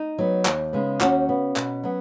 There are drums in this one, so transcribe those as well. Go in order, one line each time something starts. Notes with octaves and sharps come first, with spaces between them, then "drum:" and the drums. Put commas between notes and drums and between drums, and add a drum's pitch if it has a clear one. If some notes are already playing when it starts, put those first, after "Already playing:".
Already playing: D#4
F#3 B3
D#2, drum: clap
C#3 G#3 B3
D#2 C#4 F#4, drum: clap
C#3 B3
B2, drum: clap
F#3 B3